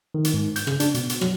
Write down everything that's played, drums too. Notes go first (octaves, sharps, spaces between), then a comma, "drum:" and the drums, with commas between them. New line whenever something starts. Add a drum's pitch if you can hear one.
D#3
drum: hi-hat
G#2
G6, drum: hi-hat
C#3, drum: rim click
D4, drum: hi-hat
B2, drum: hi-hat
drum: hi-hat
F#3, drum: rim click